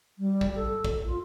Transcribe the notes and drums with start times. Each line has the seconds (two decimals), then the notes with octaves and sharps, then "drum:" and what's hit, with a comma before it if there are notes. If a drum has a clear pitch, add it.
0.19 G3
0.41 drum: kick A1
0.56 A4
0.85 drum: kick A1
1.05 F4